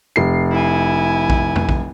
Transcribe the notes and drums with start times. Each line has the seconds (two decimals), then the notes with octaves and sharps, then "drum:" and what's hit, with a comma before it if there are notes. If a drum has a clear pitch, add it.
0.16 F1 C7
0.52 E4 G#5
1.30 drum: kick A#1
1.56 drum: tom
1.69 drum: kick A#1